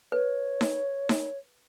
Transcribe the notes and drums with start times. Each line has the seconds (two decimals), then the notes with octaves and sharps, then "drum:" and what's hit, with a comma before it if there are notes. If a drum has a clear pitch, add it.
0.12 B4 C#5
0.61 drum: snare D#4
1.09 drum: snare D#4